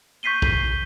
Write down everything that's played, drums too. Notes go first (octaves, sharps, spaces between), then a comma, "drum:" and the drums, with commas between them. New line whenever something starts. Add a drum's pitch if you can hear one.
C#6 G6 B6 C7 D#7 G7
drum: kick